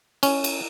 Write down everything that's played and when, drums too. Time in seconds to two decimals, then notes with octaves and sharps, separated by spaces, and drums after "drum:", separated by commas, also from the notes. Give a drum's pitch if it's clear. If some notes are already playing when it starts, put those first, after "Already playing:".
0.23 C#4, drum: cymbal
0.44 drum: cymbal